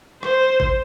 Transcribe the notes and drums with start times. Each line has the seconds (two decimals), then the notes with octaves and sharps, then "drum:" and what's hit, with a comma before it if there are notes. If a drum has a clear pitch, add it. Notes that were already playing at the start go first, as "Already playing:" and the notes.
0.23 C5, drum: rim click
0.60 drum: kick G#1